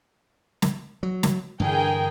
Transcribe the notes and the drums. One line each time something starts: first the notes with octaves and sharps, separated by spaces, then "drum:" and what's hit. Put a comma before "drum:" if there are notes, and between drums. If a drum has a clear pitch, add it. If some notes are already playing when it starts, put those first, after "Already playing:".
drum: snare
F#3
drum: snare
G2 D3 E3 G#4 A#4 G5